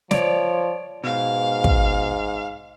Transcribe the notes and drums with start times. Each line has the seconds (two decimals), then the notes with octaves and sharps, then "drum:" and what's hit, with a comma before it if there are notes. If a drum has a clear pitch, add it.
0.11 F3 C#5 D5, drum: snare
1.04 G#2 B2 F5
1.64 drum: kick